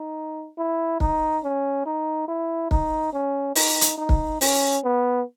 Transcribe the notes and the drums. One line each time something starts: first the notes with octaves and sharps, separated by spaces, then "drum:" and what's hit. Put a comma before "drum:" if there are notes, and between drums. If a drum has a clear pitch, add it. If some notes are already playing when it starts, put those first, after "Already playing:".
Already playing: D#4
E4
D#4, drum: kick
C#4
D#4
E4
D#4, drum: kick
C#4
D#4, drum: open hi-hat
drum: hi-hat
D#4
drum: kick
C#4, drum: open hi-hat
B3